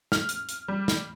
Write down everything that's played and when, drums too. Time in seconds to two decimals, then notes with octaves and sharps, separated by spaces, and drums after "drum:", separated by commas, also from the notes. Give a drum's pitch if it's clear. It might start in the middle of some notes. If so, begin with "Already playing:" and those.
0.12 F6, drum: snare
0.29 drum: hi-hat
0.49 drum: hi-hat
0.68 G3
0.88 drum: snare